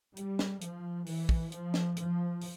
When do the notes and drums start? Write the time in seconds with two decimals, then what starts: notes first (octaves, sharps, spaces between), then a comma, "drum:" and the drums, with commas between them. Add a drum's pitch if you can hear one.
0.17 G3, drum: hi-hat
0.39 drum: snare
0.61 F3, drum: hi-hat
1.06 E3, drum: open hi-hat
1.29 drum: kick
1.52 F3, drum: hi-hat
1.74 drum: snare
1.97 F3, drum: hi-hat
2.41 drum: open hi-hat